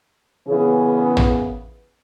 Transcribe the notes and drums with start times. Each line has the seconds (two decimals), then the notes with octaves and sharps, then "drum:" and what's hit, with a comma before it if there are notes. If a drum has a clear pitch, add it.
0.49 A#2 C#3 E3 B3 C#4 G#4
1.17 drum: tom